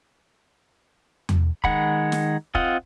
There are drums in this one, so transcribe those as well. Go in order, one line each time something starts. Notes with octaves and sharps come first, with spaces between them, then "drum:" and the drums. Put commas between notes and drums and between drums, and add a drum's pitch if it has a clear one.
drum: tom E2
D#3 G#3 F#5 B5, drum: kick
drum: snare
C4 F4 D#5 F#5, drum: kick